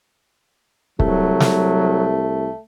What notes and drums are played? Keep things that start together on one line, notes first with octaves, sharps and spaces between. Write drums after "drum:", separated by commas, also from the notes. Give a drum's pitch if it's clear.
C2 F#3 A3, drum: kick
drum: snare